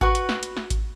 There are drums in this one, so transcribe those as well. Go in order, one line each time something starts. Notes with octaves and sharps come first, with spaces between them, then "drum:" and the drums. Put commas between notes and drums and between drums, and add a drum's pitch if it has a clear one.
F#4 B4 C#6, drum: kick G#1
drum: hi-hat
drum: snare
drum: hi-hat
drum: snare
drum: kick G#1, hi-hat